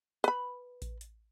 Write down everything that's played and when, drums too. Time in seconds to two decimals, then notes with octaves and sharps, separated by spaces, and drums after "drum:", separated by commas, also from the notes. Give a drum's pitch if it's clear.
0.24 B4 B5, drum: hi-hat
0.82 drum: kick A1, hi-hat
1.01 drum: hi-hat